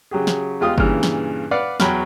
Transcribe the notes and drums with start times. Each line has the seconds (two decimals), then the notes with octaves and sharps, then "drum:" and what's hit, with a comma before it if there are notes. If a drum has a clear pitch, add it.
0.11 C#3 F#3 G4 G#4
0.27 drum: snare
0.61 E2 G#3 F4 G4 D#6
0.78 G2 A#2 C#3 E3 F6, drum: kick G1
1.03 drum: snare
1.51 B4 D5 F5 F#5
1.80 E2 F#3 G5 B5 C#6 F6, drum: snare